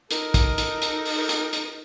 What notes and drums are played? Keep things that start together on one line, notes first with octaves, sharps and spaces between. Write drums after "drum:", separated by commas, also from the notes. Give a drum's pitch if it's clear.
D#4 A4 A#4, drum: hi-hat
drum: kick, hi-hat
drum: hi-hat
drum: hi-hat
drum: open hi-hat
drum: hi-hat
drum: hi-hat